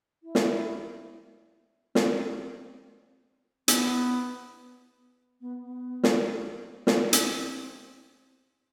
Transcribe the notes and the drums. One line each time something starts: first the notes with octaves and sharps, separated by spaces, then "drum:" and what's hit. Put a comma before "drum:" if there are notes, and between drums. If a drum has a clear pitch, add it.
E4
drum: snare
C4, drum: snare
B3, drum: hi-hat
B3
B3
drum: snare
drum: snare
C4, drum: hi-hat